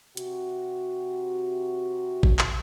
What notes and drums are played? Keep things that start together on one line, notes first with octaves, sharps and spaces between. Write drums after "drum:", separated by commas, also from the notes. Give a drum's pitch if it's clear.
C3 F#4, drum: hi-hat
drum: kick G#1
drum: clap